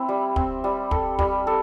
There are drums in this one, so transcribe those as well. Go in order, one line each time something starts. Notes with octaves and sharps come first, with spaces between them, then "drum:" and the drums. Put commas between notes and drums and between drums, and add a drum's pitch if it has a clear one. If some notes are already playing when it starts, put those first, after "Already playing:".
Already playing: C4 E4
G3
C4, drum: kick
G3
A4, drum: kick
G3, drum: kick
A4